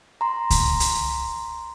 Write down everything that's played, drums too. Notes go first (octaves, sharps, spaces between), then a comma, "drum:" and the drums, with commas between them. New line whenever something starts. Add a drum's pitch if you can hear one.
A#5 C6
drum: kick C#2, hi-hat
drum: hi-hat